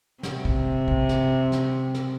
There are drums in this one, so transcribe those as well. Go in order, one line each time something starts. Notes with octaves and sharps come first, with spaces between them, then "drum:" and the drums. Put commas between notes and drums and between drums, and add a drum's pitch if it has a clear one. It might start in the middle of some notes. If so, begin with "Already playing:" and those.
C3, drum: snare
drum: kick
drum: kick
drum: snare
drum: snare
drum: snare